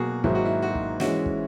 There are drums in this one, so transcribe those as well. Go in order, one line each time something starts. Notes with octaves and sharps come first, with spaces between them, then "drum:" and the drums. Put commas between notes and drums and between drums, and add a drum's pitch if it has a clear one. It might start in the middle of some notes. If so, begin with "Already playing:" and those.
Already playing: B2 F#3 A#3 F#4 G#4
G#2 D#3 F#3 A#3 D#4 E4, drum: kick
F#4
E4
F#4
drum: kick
E3 G#3 C#4 E4 F#4, drum: snare
drum: kick